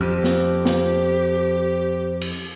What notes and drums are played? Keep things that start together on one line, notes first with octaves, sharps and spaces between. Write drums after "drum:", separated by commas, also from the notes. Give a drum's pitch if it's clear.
F2 G4 C5
drum: snare
drum: snare
drum: cymbal